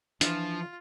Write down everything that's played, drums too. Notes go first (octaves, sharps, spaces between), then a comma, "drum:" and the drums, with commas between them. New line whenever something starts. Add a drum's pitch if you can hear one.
E3 F3 D4 F4, drum: hi-hat